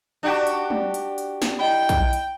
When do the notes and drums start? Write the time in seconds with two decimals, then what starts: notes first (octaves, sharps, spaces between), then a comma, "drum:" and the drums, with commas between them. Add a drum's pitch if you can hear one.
0.23 D4 F#4 G4
0.47 drum: hi-hat
0.70 drum: tom
0.94 drum: hi-hat
1.18 drum: hi-hat
1.42 drum: snare
1.59 E4 D#5 G5 B5
1.89 drum: kick, hi-hat
2.13 drum: hi-hat